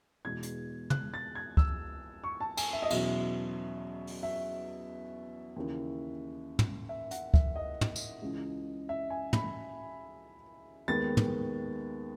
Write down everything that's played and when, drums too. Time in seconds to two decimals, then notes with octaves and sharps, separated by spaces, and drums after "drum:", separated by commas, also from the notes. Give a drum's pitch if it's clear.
0.25 E2 B2 G#3 G#6
0.43 drum: hi-hat
0.90 F#6, drum: tom
1.14 A6
1.35 G#6
1.57 E6, drum: kick
2.24 C#6
2.41 A5
2.57 G#5, drum: cymbal
2.73 E5
2.82 D#5
2.90 E2 B2 F#3 C#4 E5, drum: cymbal
4.07 drum: open hi-hat
4.23 E5
5.56 D#2 C#3 E3
6.59 drum: tom
6.89 E5
7.11 F#5, drum: hi-hat
7.34 E5, drum: kick
7.56 D#5
7.81 drum: tom
7.96 drum: tambourine
8.22 C#2 C#3 E3
8.89 E5
9.10 G#5
9.33 B5, drum: tom
10.88 D#2 D#3 G#3 B3 A6
11.17 drum: tom